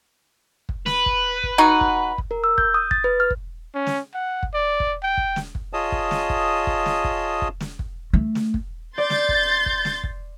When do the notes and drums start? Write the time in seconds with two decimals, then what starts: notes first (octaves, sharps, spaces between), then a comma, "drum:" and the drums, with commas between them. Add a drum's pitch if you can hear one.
0.69 drum: kick
0.86 B4, drum: snare
1.06 drum: kick
1.44 drum: kick
1.58 F#3 D#4 F#4
1.81 drum: kick
2.18 drum: kick
2.31 A#4
2.44 E6
2.58 G6, drum: kick
2.74 D#6
2.91 A6, drum: kick
3.04 B4
3.20 F6
3.30 drum: kick
3.74 C#4
3.87 drum: snare
4.14 F#5
4.43 drum: kick
4.54 D5
4.80 drum: kick
5.03 G5
5.17 drum: kick
5.36 drum: snare
5.55 drum: kick
5.73 F4 G#4 C#5 D#5 A5 D#6
5.92 drum: kick
6.11 drum: snare
6.30 drum: kick
6.67 drum: kick
6.86 drum: snare
7.04 drum: kick
7.42 drum: kick
7.60 drum: snare
7.79 drum: kick
8.13 A3
8.35 drum: snare
8.54 drum: kick
8.98 D5 C6 G6 A6
9.10 drum: snare
9.29 drum: kick
9.66 drum: kick
9.85 drum: snare
10.04 drum: kick